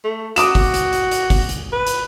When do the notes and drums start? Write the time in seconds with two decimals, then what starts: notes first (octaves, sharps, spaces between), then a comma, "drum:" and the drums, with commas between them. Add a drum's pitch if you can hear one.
0.04 A3
0.36 F#4 D6 D#6 E7, drum: hi-hat
0.55 drum: kick, open hi-hat
0.74 drum: hi-hat
0.93 drum: hi-hat
1.11 drum: hi-hat
1.30 drum: kick, open hi-hat
1.49 drum: hi-hat
1.72 B4
1.87 drum: hi-hat